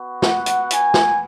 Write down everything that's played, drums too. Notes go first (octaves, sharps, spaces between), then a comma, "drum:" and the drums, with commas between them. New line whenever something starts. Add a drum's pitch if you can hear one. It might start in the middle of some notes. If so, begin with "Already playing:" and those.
Already playing: B3 F#4
F#5, drum: snare
drum: hi-hat
G#5, drum: hi-hat
drum: snare